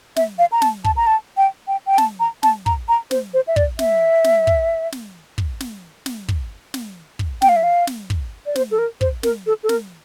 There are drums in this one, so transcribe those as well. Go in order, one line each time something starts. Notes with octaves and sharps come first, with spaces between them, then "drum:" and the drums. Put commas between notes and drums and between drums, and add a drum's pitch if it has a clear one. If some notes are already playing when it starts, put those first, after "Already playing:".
E5, drum: snare
F5
A#5
A5, drum: snare
A5, drum: kick
A#5
A5
G5
G5
G5
A5, drum: snare
A#5
A5, drum: snare
A#5, drum: kick
A#5
C5, drum: snare
C5
E5
D5, drum: kick
E5, drum: snare
drum: snare
drum: kick
drum: snare
drum: kick
drum: snare
drum: snare
drum: kick
drum: snare
drum: kick
G5, drum: snare
F5
E5
F5
drum: snare
drum: kick
D5
C5, drum: snare
A4
A#4
C5, drum: kick
A#4, drum: snare
A4
A4
A#4, drum: snare